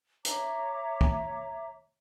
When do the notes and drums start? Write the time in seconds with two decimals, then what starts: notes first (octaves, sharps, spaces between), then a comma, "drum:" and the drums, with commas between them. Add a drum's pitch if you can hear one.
0.25 C#5 E5 A#5 D6, drum: hi-hat
1.01 drum: kick